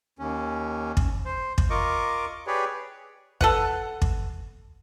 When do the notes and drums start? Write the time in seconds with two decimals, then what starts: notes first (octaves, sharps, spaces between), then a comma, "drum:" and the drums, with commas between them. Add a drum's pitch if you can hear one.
0.19 D#2 C#4
0.97 drum: kick
1.26 C5
1.58 drum: kick
1.70 F4 A#4 D#5 C#6 D6
2.47 G4 G#4 B4 C#5 D5
3.41 A4 B4 F#5, drum: kick
4.02 drum: kick